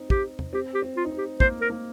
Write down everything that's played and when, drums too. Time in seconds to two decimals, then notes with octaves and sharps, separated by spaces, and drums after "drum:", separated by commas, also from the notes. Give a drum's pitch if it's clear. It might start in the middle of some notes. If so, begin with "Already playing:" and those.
Already playing: C4 D#4
0.10 G4, drum: kick
0.39 drum: tom E2
0.53 C4 G4
0.74 G4
0.82 C4
0.97 F4
1.05 D#4
1.11 C4
1.18 G4
1.40 A#3 C5, drum: kick
1.61 A#4
1.69 A#3